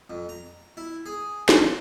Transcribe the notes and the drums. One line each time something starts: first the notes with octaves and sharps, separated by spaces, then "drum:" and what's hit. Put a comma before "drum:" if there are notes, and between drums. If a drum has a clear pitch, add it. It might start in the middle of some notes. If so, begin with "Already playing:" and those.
F2
A#5
E4
G#4
F4, drum: snare